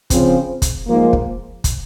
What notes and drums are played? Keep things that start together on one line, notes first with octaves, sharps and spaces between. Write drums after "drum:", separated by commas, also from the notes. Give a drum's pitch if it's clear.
C#3 F3 C4, drum: kick, hi-hat
drum: kick, hi-hat
G#2 F3 A#3
drum: kick
drum: kick, hi-hat